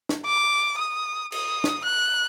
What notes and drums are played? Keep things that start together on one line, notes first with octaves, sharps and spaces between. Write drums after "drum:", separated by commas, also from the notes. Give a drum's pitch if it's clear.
drum: snare
D6
D#6
D#6, drum: cymbal
drum: snare
F#6